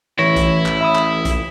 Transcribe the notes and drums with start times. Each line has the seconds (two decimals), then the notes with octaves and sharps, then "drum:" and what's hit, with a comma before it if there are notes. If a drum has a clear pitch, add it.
0.19 A1 E3 E4 C#5 A#6
0.36 drum: kick, hi-hat
0.66 drum: clap
0.81 E5 B5 D#6
0.96 drum: clap
1.25 drum: kick, hi-hat